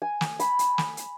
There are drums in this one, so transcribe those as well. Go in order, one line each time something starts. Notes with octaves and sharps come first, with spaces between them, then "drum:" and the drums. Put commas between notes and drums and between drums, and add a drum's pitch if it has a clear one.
G#5
drum: snare
B5, drum: hi-hat
drum: hi-hat
drum: snare
drum: hi-hat